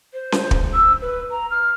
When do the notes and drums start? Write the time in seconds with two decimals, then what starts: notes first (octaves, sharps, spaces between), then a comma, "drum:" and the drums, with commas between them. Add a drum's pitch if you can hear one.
0.14 C5
0.32 drum: snare C#4
0.51 drum: kick
0.74 E6
1.02 B4
1.31 A#5
1.51 F6